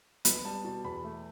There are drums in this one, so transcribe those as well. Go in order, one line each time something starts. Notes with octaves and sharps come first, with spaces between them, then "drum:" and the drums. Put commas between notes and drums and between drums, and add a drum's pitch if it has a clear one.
B3 B5, drum: hi-hat
G3 A5
B2 A5
E2 B5
A3